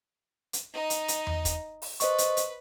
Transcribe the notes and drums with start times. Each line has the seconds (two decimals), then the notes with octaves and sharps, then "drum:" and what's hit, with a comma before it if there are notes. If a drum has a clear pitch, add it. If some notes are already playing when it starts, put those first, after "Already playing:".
0.53 drum: hi-hat
0.72 D#4 D#5
0.90 drum: hi-hat
1.08 drum: hi-hat
1.27 drum: tom E2
1.45 drum: kick, hi-hat
1.82 drum: open hi-hat
2.00 B4 C5 D#5 C#6, drum: hi-hat
2.18 drum: hi-hat
2.37 drum: hi-hat